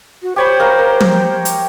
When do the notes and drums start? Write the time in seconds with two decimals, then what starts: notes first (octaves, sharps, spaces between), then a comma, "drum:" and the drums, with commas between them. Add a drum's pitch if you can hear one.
0.22 F#4
0.36 G4 C5 C#5 B5
0.60 A#4 F5 A#5
0.79 A#4
1.00 drum: tom
1.45 drum: hi-hat